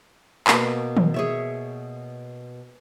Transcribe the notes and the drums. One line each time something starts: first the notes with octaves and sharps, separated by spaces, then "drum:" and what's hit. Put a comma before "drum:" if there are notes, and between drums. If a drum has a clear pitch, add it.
B2 A#3, drum: clap
drum: tom D#3
G#4 C#5 E5